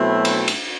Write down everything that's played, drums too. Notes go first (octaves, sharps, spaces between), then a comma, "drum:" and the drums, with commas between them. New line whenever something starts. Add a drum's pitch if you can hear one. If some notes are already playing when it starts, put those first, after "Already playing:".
Already playing: B2 F#3 A3 C4 E4
drum: cymbal
drum: cymbal